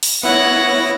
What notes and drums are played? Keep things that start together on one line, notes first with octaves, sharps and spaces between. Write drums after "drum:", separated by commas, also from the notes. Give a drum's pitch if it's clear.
drum: open hi-hat
B3 E4 C#5 F#5 A#6